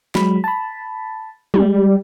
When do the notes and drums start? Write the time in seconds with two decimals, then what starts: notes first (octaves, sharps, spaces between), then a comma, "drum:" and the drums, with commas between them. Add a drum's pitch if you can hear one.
0.15 F#3 G#3 B5, drum: snare
0.44 A5 B5
1.54 G3 G#3, drum: tom